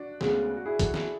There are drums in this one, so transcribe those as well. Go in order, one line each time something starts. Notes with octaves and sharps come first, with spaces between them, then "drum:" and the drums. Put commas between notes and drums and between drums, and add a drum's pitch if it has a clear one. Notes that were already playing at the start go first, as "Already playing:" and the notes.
Already playing: D4 F#4
D2 C#3 G#3 B3, drum: snare
F#4
E4 G#4
F#4 A4, drum: kick, hi-hat
E4 G#4, drum: snare